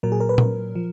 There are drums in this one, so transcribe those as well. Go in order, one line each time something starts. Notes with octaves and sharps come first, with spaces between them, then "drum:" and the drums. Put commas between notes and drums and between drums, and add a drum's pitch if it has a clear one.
A#2 F#3 A#4
G#4
A#4
B4
A#4, drum: tom A#2
F3